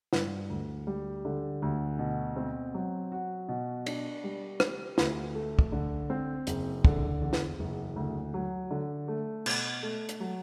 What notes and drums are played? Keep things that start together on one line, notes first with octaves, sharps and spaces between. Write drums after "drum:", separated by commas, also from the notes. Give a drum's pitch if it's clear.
G2, drum: snare
D2
G3
D3
D2
B2
C4
F#3
F#4
B2
D4, drum: cymbal
G3
G4, drum: rim click
D2, drum: snare
A3
drum: kick
D3
C4
F#1, drum: hi-hat
D3, drum: kick
E2
drum: snare
F#1
D2
F#3
D3
A3
B2, drum: cymbal
A3
drum: hi-hat
F#3